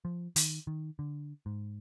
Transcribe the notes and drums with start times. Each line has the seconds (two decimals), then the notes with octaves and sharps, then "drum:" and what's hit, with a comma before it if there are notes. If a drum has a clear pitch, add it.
0.05 F3
0.36 D#3, drum: hi-hat
0.67 D#3
0.99 D3
1.46 G#2